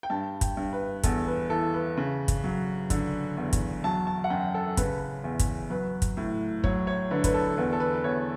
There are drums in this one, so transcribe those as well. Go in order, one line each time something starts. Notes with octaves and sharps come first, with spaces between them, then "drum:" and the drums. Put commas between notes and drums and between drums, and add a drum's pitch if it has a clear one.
G5
G2 A5
G5, drum: kick, hi-hat
G2
B4
E2 A4, drum: kick, hi-hat
B4
E3 A4
B4
C#3
drum: kick, hi-hat
F#3
D3, drum: kick, hi-hat
E2
drum: kick, hi-hat
F#3 A5
A5
F#5
F#2 G5
A4
C#3 B4, drum: kick, hi-hat
E2
drum: kick, hi-hat
F#3 B4
drum: kick, hi-hat
A2
F#3 C#5, drum: kick
C#5
D3 B4
B4, drum: kick, hi-hat
A4
E2 B4
A4
B4
B4
E2 C#5